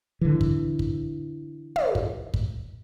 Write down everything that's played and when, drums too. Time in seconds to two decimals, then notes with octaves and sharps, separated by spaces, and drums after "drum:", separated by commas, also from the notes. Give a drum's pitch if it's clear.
0.21 D3 E3
0.41 drum: kick
0.79 drum: kick
1.76 drum: tom
1.95 drum: kick
2.34 drum: kick